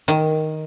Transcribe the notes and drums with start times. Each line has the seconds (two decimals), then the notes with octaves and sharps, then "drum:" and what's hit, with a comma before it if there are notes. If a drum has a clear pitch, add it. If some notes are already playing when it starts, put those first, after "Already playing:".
0.08 D#3, drum: hi-hat